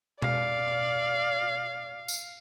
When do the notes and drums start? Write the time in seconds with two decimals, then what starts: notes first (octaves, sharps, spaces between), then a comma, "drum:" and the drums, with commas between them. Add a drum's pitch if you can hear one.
0.22 D5 F5, drum: tom B2
2.08 drum: tambourine